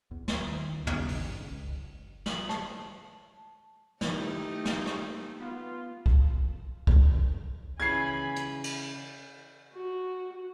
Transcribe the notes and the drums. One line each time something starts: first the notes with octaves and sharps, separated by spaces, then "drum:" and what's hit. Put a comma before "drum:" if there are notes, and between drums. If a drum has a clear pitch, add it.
E2
D#2, drum: snare
D#3
D2
C#3, drum: tom
A#1, drum: open hi-hat
G1
C#3
C#2
F#1
F#7, drum: snare
A5, drum: rim click
D#3 E3 A3 D#4 G4, drum: snare
A#3, drum: snare
drum: rim click
B3 F4
drum: kick
drum: kick
C#3 E3 C#4 G#5 B5 G#6 C7
drum: hi-hat
drum: cymbal
F#4